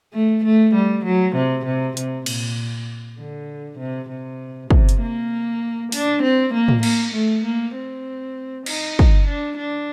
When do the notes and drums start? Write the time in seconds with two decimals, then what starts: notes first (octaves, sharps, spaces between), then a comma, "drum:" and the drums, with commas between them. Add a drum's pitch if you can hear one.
0.13 A3
0.44 A3
0.75 G3
1.05 F#3
1.36 C3
1.66 C3
1.97 C3, drum: hi-hat
2.26 A#2, drum: cymbal
3.19 D3
3.79 C3
4.09 C3
4.70 C3, drum: kick
4.89 drum: hi-hat
5.01 A#3
5.92 D4, drum: open hi-hat
6.22 C4
6.54 A#3
6.68 drum: tom A2
6.83 A#3, drum: cymbal
7.14 A3
7.45 A#3
7.75 C4
8.66 D#4, drum: cymbal
8.99 drum: kick
9.27 D4
9.57 D4